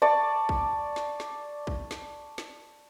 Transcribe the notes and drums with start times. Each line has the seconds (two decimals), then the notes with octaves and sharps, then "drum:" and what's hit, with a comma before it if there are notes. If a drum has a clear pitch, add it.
0.02 D5 A5 C#6
0.49 drum: kick
0.96 drum: snare
1.20 drum: snare
1.67 drum: kick
1.91 drum: snare
2.38 drum: snare